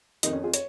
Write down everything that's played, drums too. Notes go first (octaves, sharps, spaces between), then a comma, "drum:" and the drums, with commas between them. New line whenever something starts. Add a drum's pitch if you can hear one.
F2 D#3 D#4, drum: hi-hat
C#4
F4 G#4
C#5, drum: hi-hat